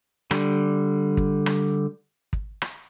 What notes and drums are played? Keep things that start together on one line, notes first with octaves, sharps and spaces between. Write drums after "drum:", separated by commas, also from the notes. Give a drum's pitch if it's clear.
D3 G3, drum: rim click
drum: kick
drum: rim click
drum: kick
drum: rim click